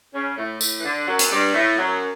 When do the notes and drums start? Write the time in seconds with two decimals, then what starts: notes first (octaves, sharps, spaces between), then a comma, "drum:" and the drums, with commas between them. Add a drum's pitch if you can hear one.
0.14 C#3 C#4
0.38 A2 A3
0.61 A2 A3, drum: tambourine
0.79 E3
0.85 D3
1.07 F#2 F#3
1.19 drum: hi-hat
1.31 G2 G3
1.54 A2 A3
1.78 F#2 F#3